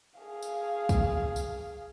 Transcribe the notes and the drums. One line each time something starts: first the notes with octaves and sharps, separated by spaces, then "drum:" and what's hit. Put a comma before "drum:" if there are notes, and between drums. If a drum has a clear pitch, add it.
G#4 F5
drum: tambourine
drum: kick, tambourine
drum: tambourine